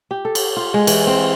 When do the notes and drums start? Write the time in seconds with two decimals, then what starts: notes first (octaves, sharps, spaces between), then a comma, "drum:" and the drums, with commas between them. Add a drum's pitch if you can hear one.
0.11 G4
0.25 A4
0.35 drum: cymbal
0.57 F4
0.74 G#3
0.87 E3, drum: cymbal
1.07 C4